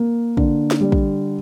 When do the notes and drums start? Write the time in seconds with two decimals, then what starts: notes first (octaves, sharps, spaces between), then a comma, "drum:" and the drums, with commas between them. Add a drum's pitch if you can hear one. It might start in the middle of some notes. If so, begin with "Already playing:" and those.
Already playing: A#3
0.37 D3, drum: kick
0.71 drum: snare
0.81 G3
0.92 drum: kick